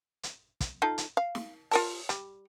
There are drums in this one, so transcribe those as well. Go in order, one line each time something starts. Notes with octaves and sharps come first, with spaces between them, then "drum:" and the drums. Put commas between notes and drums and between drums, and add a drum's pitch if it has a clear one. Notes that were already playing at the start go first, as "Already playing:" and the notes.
drum: hi-hat
drum: kick, hi-hat
D#4 F4 A4
drum: hi-hat
F5
drum: snare
F4 A#4 A5, drum: open hi-hat
G3, drum: hi-hat